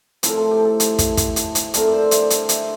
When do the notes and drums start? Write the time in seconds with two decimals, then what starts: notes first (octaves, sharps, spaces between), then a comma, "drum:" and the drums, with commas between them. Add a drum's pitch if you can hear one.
0.23 A2 F3 C4 A#4, drum: hi-hat
0.37 A4
0.51 G4
0.65 A4
0.80 drum: hi-hat
0.98 drum: kick, hi-hat
1.17 drum: kick, hi-hat
1.36 drum: hi-hat
1.55 drum: hi-hat
1.74 D3 A3 C4 A#4, drum: hi-hat
1.87 D5
1.93 C5
2.11 E5, drum: hi-hat
2.22 D5
2.30 E5, drum: hi-hat
2.49 D5, drum: hi-hat